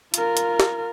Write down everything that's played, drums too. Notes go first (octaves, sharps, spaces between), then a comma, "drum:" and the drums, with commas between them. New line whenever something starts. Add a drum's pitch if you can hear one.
F4 A#4, drum: hi-hat
drum: hi-hat
drum: snare